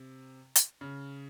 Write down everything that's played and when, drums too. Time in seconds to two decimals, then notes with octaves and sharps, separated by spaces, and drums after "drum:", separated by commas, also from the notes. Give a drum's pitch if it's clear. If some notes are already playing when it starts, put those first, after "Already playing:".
Already playing: C3
0.56 drum: hi-hat
0.81 C#3